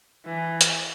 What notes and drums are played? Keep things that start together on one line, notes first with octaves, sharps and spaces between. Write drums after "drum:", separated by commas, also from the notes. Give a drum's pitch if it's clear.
E3
drum: hi-hat